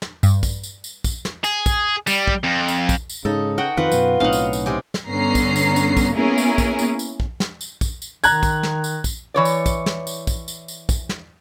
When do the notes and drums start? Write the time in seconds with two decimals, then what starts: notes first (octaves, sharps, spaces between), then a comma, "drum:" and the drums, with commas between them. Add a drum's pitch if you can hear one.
0.02 drum: snare
0.23 G2, drum: tambourine
0.43 drum: kick, tambourine
0.63 drum: tambourine
0.84 drum: tambourine
1.04 drum: kick, tambourine
1.25 drum: snare
1.44 G#4, drum: tambourine
1.66 drum: kick, tambourine
2.07 G3, drum: tambourine
2.27 drum: kick
2.44 F2
2.69 drum: tambourine
2.89 drum: kick, tambourine
3.10 drum: tambourine
3.25 G#2 C#3 D#4 A4
3.58 F#4 F#5 G5
3.77 F2 D#3 F3 F4 B4 F#5
3.92 F#2 B2, drum: tambourine
4.20 B1 A2 C4 C#4 D#4 F5 F#5
4.33 drum: tambourine
4.53 drum: tambourine
4.66 C3 G#3 G4
4.94 drum: snare
5.08 G2 D3 B3 C#4 A#5 C7
5.35 drum: kick, tambourine
5.56 drum: tambourine
5.76 drum: tambourine
5.97 drum: kick, tambourine
6.13 A#3 B3 C#4 E4 G#4 A#4
6.38 drum: tambourine
6.58 drum: kick, tambourine
6.79 drum: tambourine
6.99 drum: tambourine
7.20 drum: kick
7.40 drum: snare
7.61 drum: tambourine
7.81 drum: kick, tambourine
8.02 drum: tambourine
8.24 D#3 A#5 F#6 G#6, drum: tambourine
8.43 drum: kick, tambourine
8.63 drum: snare
8.84 drum: tambourine
9.04 drum: kick, tambourine
9.34 E3 C#5 D5
9.45 drum: tambourine
9.66 drum: kick, tambourine
9.86 drum: snare
10.07 drum: tambourine
10.27 drum: kick, tambourine
10.48 drum: tambourine
10.68 drum: tambourine
10.89 drum: kick, tambourine
11.09 drum: snare